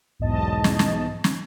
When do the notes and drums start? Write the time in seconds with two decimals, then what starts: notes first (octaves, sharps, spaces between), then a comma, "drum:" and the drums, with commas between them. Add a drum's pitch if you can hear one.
0.19 B1 E2 G#2 D#5 A5
0.64 drum: snare
0.79 drum: snare
1.24 drum: snare